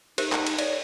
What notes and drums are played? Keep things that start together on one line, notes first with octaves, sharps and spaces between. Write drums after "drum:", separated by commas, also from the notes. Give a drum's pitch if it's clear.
D#4 G4 A#4 C5, drum: cymbal
drum: clap
drum: cymbal
C#5 D5, drum: cymbal